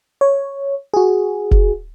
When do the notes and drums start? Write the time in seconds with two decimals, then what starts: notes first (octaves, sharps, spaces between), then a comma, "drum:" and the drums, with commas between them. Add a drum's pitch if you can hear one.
0.21 C#5
0.94 F#4 G#4
1.51 drum: kick F1